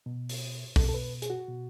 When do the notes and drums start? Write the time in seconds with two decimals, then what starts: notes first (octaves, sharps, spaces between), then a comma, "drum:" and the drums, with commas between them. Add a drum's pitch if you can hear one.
0.06 B2
0.29 drum: open hi-hat
0.76 B2 A4, drum: kick, open hi-hat
0.89 A4
0.94 B4
1.22 G#4, drum: hi-hat
1.30 F#4
1.48 B2